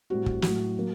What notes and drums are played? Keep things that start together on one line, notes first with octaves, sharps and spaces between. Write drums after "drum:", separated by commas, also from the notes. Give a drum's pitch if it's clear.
A2 G3 C4 F#4
drum: kick
A2 F#3 A3 F#4, drum: snare
F#3 A#3